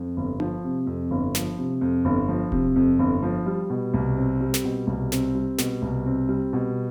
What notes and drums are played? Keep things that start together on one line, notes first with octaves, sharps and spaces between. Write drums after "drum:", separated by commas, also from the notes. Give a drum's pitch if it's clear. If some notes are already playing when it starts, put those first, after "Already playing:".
Already playing: F2
G1
F3, drum: tom D4
C3
F2
G1
F3, drum: snare
C3
F2
G1
F3
C3, drum: kick D#1
F2
G1
F3
G3
B2
C2
C4
G3
drum: snare
B2
C2
C4, drum: snare
G3
B2, drum: snare
C2
C4
G3
B2